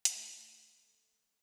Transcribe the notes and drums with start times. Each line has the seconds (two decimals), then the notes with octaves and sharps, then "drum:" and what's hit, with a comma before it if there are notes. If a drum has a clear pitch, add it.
0.05 drum: hi-hat
0.15 A3